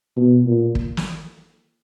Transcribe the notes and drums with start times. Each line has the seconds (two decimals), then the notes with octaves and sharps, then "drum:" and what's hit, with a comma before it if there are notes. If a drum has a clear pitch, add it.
0.16 B2
0.46 A#2
0.75 drum: kick
0.97 drum: snare